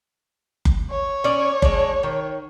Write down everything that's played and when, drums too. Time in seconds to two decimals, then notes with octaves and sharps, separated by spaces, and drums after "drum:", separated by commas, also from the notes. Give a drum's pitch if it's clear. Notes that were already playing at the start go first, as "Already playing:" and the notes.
0.65 drum: kick F#1
0.91 C#5
1.24 C#4 D5
1.62 G#3 D4, drum: kick F#1
2.03 D#3